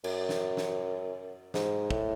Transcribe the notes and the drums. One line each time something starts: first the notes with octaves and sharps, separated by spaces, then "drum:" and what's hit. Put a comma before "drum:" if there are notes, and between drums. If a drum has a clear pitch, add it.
F#2, drum: cymbal
drum: snare
drum: snare
G#2, drum: snare
A2, drum: kick